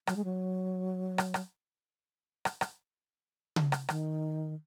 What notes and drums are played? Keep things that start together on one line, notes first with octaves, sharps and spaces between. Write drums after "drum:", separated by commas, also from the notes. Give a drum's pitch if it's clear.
F#3, drum: rim click
G#3
F#3
drum: rim click
drum: rim click
drum: rim click
drum: rim click
drum: tom C#3
drum: rim click
D#3, drum: rim click